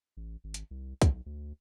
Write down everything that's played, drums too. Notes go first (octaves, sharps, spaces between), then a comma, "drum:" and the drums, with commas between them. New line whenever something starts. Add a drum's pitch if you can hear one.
A1
G#1
drum: hi-hat
C2
B1, drum: kick, hi-hat
D2